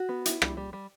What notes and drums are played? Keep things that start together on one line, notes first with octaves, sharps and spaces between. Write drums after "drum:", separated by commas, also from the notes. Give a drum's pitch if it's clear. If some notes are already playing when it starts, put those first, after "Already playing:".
Already playing: F#4
B3
E4, drum: hi-hat
G3, drum: rim click
G3
G3